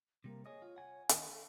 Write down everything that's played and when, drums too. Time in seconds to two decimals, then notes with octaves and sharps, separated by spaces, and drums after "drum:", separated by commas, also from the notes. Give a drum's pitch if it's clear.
0.24 C3 G3 A#3
0.46 G#4 C#5 D#5
0.62 F4
0.76 F#5 G#5
1.09 D#3, drum: hi-hat
1.31 A4